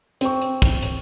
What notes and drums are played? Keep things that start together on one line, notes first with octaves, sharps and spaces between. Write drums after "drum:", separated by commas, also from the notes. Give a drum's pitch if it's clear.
C4 C#6, drum: hi-hat
drum: hi-hat
drum: kick, hi-hat
drum: hi-hat